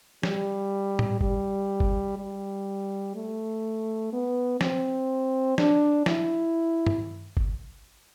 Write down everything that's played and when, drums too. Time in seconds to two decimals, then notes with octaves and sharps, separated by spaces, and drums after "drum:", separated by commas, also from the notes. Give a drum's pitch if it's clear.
0.23 G3, drum: snare
0.99 drum: tom A2
1.21 G3, drum: kick G1
1.80 drum: kick G1
2.18 G3
3.15 A3
4.12 B3
4.61 C4, drum: snare
5.58 D4, drum: snare
6.06 E4, drum: snare
6.87 drum: tom G2
7.37 drum: kick G1